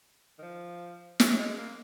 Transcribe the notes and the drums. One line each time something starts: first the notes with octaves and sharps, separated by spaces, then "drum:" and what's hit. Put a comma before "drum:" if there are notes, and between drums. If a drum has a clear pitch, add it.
D#3
F3
F#3, drum: snare
F#3
G#3
A#3